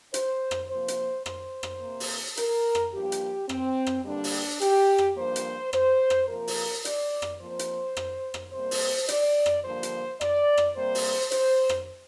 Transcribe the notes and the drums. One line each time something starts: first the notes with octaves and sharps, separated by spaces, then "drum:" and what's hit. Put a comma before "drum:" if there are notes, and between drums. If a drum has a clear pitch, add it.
C5, drum: hi-hat
drum: rim click
C3 F3 A#3 C5
drum: hi-hat
C5, drum: rim click
drum: rim click
C3 A#3
drum: open hi-hat
A#4, drum: hi-hat
drum: rim click
G2 F3 A#3 G4
drum: hi-hat
C4, drum: rim click
drum: rim click
G2 D3 G3 A#3 D4
drum: open hi-hat
G4, drum: hi-hat
drum: rim click
G2 F3 A#3 C5
drum: hi-hat
C5, drum: rim click
drum: rim click
C3 F3 A#3 A#4
drum: open hi-hat
D5, drum: hi-hat
drum: rim click
F2 F3 A#3 C5
drum: hi-hat
drum: rim click
drum: rim click
C3 G3 A#3 C5
drum: open hi-hat
D5, drum: hi-hat
drum: rim click
G2 D3 F3 A#3 C5
drum: hi-hat
D5, drum: rim click
drum: rim click
C3 G3 A#3 C5
drum: open hi-hat
C5, drum: hi-hat
drum: rim click